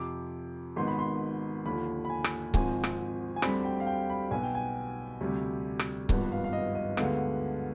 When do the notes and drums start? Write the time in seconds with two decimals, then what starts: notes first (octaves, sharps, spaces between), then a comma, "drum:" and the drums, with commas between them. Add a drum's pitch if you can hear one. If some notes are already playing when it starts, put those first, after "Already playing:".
Already playing: F2 C3 F3 D6
0.76 G#1 G#2 D#3 B3 C6
0.87 B5
0.99 C6
1.66 D#2 D3 F3 B5
2.05 B5
2.10 G#5
2.24 drum: rim click
2.54 G#1 G#2 F3 C4 G#5, drum: kick C#1
2.84 drum: rim click
3.36 G#5
3.42 D2 D3 G3 C4 B5, drum: rim click
3.65 G5
3.80 F5
3.86 G5
4.10 B5
4.31 B1 B2 B3 G#5
4.43 G5
4.55 G#5
5.21 D2 C3 G3
5.79 drum: rim click
6.09 G#1 G2 F3 B3, drum: kick C#1
6.32 F5
6.44 F5
6.53 D#5
6.75 D#5
6.97 D2 D3 G#3 B3 F5, drum: rim click